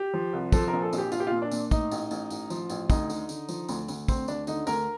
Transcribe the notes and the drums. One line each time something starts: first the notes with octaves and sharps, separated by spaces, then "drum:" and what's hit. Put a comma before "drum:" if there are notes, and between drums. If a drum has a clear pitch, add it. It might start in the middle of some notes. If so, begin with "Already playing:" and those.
Already playing: G4
F3
C2
F3 A4, drum: kick, tambourine
A#1 A#4
A4
A#1, drum: tambourine
G4
A#1 F4, drum: tambourine
G4
A#2 F4
D4
A#2, drum: tambourine
A2 D#4, drum: kick, tambourine
A1, drum: tambourine
A1, drum: tambourine
A1, drum: tambourine
F3, drum: tambourine
A1, drum: tambourine
D2 D#4, drum: kick, tambourine
D3, drum: tambourine
D3, drum: tambourine
F3, drum: tambourine
D2, drum: tambourine
D2, drum: tambourine
D2 C4, drum: kick, tambourine
D2 D4, drum: tambourine
D3 D#4, drum: tambourine
D2 A#4, drum: tambourine